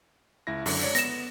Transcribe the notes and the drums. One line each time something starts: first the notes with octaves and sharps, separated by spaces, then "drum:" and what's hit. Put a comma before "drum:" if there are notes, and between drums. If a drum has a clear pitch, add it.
C#2 E4 A#6
F#2 D3, drum: open hi-hat
G#3 C#5 D5
B3 A#6 E7, drum: hi-hat